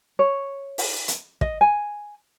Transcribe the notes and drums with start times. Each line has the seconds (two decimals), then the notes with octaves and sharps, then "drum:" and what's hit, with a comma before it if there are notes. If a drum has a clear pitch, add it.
0.19 C#5
0.78 drum: open hi-hat
1.08 drum: hi-hat
1.41 D#5, drum: kick
1.61 G#5